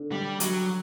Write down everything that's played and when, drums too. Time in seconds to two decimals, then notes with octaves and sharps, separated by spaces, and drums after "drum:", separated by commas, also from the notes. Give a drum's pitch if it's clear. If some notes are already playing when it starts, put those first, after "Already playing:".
Already playing: D3
0.12 G3
0.40 F#3, drum: hi-hat